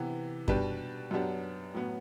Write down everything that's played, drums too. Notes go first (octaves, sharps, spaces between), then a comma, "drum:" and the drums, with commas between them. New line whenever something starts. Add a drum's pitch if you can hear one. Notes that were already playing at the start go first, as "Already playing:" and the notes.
Already playing: C3 E3 B3
B2 G3 D4 G4 B4, drum: kick F#2
F#2 F#3 B3 D4 G4
A2 F#3 B3